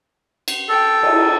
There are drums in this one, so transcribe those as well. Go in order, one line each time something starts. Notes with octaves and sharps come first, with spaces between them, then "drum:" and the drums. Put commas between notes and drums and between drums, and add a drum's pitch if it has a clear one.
drum: cymbal
A4 G5
drum: cymbal